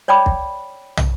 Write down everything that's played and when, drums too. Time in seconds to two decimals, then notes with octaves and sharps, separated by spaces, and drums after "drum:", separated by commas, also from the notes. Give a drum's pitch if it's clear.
0.08 C#5 D5 G5 B5 D6
0.26 drum: kick
0.97 drum: tom